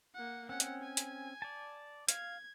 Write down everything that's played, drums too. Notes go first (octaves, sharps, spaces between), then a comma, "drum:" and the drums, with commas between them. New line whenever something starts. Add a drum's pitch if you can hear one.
A#3 F#5
C4 C#4 F#5
drum: hi-hat
G#5
drum: hi-hat
D5 A5
F5 G#6, drum: hi-hat